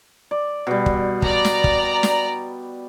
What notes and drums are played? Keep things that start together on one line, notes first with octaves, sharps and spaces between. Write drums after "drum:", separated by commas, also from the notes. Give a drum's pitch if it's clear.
D5
B2 G3
drum: kick
D5 A#5, drum: kick
drum: snare
drum: kick
drum: snare